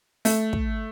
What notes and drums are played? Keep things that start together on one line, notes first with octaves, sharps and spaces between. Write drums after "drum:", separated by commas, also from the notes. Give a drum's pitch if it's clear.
A3, drum: open hi-hat
drum: kick